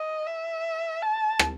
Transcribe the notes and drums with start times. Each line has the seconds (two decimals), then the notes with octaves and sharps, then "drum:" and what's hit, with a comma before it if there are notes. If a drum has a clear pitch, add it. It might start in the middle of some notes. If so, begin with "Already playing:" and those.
Already playing: D#5
0.27 E5
1.02 A5
1.39 drum: rim click